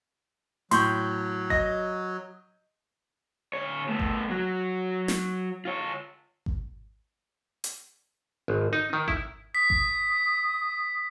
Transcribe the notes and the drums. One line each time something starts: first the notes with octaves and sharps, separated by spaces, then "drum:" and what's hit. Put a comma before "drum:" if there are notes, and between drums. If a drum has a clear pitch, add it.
A2 F#3 C6 C#6 G6, drum: hi-hat
D#5 A#6, drum: kick G#1
D3 C#5
A3 B3
drum: kick G#1
F#3 F#4
drum: snare
F4 C#5
drum: kick G#1
drum: hi-hat
G#1
D#4
D#3
E4, drum: kick G#1
D#6 B6
drum: kick G#1